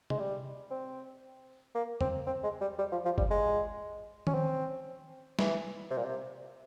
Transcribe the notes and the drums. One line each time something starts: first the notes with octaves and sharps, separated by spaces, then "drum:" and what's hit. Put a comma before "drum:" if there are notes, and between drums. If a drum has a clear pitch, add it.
G#3, drum: tom C3
G3
C4
A#3
C4, drum: tom E2
C4
G#3
G3
G3
F3
F3
G3, drum: kick
G#3
C#4, drum: tom D#3
C4
E3, drum: snare
C3
A#2
C3